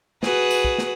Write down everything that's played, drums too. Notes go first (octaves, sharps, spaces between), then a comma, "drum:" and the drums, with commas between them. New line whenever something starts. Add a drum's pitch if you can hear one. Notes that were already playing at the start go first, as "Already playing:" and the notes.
F#4 G#4 B4, drum: snare
drum: tambourine
drum: kick
drum: snare